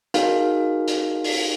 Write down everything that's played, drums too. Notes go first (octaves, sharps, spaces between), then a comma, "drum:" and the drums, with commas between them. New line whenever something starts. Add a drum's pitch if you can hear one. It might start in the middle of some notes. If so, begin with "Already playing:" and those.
D#4 F#4 G#4 A#4 F5, drum: hi-hat
drum: hi-hat
drum: open hi-hat